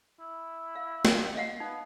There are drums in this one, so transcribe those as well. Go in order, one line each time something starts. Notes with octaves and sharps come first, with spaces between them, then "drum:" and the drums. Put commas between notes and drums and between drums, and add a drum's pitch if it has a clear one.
E4
F5
drum: snare
D#5 F5 F#5
B3 D#4